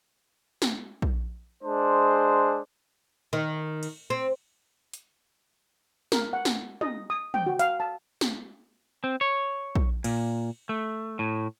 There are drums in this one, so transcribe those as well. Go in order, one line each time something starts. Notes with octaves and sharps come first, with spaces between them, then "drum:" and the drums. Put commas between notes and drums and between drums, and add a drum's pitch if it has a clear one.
drum: snare
drum: kick
G#3 D4 C5
D#3
drum: cymbal
C4
drum: hi-hat
A#4, drum: snare
F#5
drum: snare
D#5, drum: tom
D#6
G5, drum: tom
F#4
F5, drum: hi-hat
A5
drum: snare
C4
C#5
drum: kick
A#2, drum: cymbal
A3
A2